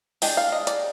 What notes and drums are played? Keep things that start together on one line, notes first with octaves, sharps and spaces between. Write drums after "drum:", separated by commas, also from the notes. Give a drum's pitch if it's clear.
G#3 D4 G5, drum: open hi-hat
F5
D#5
D5, drum: hi-hat